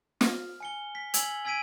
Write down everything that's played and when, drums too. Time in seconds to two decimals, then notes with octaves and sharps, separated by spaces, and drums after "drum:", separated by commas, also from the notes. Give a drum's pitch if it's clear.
0.21 F6, drum: snare
0.60 G#5 C#7 G7
0.95 B6
1.14 G#5 E6 G#6 F7 F#7, drum: hi-hat
1.45 G#5 E6 G#6 B6 D7 D#7